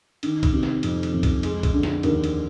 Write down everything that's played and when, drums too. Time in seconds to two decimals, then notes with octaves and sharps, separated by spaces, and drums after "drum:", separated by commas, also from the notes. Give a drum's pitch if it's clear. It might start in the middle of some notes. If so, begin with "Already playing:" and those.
0.23 D#3, drum: cymbal
0.43 drum: kick A#1, cymbal
0.53 C3
0.63 drum: snare
0.83 F2, drum: cymbal
1.03 drum: cymbal
1.13 F2
1.23 drum: kick A#1, cymbal
1.43 G#3, drum: cymbal
1.63 drum: kick A#1, cymbal
1.73 D3
1.83 drum: snare
2.03 D#2, drum: cymbal
2.24 drum: cymbal